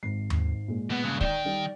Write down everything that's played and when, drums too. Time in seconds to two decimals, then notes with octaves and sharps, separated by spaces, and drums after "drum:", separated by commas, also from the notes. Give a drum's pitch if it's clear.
0.03 G#1 G#2 C7
0.30 drum: tom D#2
0.68 A#2 G#3
0.90 B2 B3 F#5
1.04 G2 C#3 F#6
1.21 D#3 D5 G5, drum: kick
1.45 G3 D#4 D5